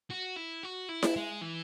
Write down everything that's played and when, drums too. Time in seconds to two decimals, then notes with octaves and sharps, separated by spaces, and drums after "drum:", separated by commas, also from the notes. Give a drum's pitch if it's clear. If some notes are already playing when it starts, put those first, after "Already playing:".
0.11 F#4
0.37 E4
0.63 F#4
0.89 E4
1.03 drum: snare E4
1.16 G#3
1.41 E3